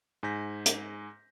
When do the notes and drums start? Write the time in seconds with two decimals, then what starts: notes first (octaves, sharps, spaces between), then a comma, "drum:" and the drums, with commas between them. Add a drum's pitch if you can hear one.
0.23 G#2 G#5 G6 A#6 B6
0.66 drum: hi-hat